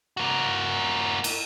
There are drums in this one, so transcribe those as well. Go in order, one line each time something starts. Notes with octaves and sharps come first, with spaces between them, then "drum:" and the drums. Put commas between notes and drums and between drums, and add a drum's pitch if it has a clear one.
A#3 F#4
drum: cymbal